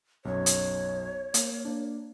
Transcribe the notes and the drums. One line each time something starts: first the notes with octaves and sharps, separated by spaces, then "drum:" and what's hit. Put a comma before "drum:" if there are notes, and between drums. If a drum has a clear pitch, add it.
B1 F#2 C#5
drum: hi-hat
A#3, drum: hi-hat
A#3 D4